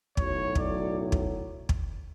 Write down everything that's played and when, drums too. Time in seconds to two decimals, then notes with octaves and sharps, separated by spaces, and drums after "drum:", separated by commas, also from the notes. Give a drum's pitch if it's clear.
0.17 B1 A2 F#3 C#5, drum: kick
0.55 D5, drum: kick
1.12 drum: kick
1.69 drum: kick